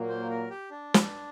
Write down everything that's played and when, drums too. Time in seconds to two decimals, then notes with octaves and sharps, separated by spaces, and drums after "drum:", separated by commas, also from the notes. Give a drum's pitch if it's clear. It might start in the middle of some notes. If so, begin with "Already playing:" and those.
Already playing: A#2 F#3 A#3
0.09 C5
0.30 A#4
0.50 G4
0.71 D4
0.94 drum: snare